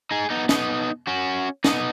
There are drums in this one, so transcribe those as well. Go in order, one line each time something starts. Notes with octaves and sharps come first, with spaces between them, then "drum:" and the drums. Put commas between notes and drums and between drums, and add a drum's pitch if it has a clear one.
D#4 G#4
B3 D#4
B3 D#4, drum: snare
C#4 F#4
B3 D#4, drum: snare